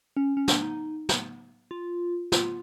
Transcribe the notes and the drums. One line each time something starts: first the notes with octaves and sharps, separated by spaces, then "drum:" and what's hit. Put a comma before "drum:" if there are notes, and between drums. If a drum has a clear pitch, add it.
C#4
C#4
D4, drum: snare
D#4
drum: snare
F4
F4, drum: snare